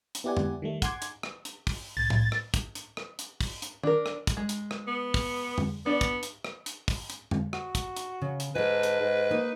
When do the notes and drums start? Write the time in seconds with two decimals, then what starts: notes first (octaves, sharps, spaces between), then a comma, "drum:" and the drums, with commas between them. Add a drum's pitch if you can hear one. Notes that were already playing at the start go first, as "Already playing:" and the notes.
0.15 drum: hi-hat
0.24 B3 E4 G4 D5 F#5 G#5
0.37 drum: tom F2
0.62 D#3 G3 A3
0.82 F#5 G#5 C6 D6 G#6, drum: kick, hi-hat
1.02 drum: hi-hat
1.23 drum: rim click
1.45 drum: hi-hat
1.67 drum: kick, open hi-hat
1.97 C2 A2 G#6 A6
2.10 drum: tom A2
2.32 drum: rim click
2.54 drum: kick, hi-hat
2.75 drum: hi-hat
2.97 drum: rim click
3.19 drum: hi-hat
3.41 drum: kick, open hi-hat
3.62 drum: hi-hat
3.83 D4 A#4, drum: tom D#3
4.06 drum: rim click
4.27 drum: kick, hi-hat
4.37 G#3
4.49 drum: hi-hat
4.71 drum: rim click
4.88 B3
5.14 drum: kick, open hi-hat
5.58 drum: tom F2
5.86 B3 D4 D5
6.01 drum: kick, hi-hat
6.23 drum: hi-hat
6.44 drum: rim click
6.66 drum: hi-hat
6.88 drum: kick, open hi-hat
7.10 drum: hi-hat
7.31 drum: tom F2
7.53 F#4, drum: rim click
7.75 drum: kick, hi-hat
7.96 drum: hi-hat
8.22 C#3
8.40 drum: hi-hat
8.55 G#2 G#4 A4 B4
8.83 drum: hi-hat
9.00 G#2
9.30 A#3 D#4